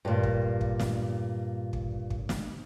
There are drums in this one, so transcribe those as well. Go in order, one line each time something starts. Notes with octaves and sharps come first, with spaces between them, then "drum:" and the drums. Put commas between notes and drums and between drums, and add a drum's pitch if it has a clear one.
G2 A#2
drum: kick
drum: kick
drum: snare
drum: kick
drum: kick
drum: snare